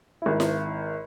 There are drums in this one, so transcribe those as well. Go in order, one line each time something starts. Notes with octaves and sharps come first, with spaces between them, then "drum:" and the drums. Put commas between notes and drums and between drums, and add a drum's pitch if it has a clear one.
G#1 E4
drum: snare E4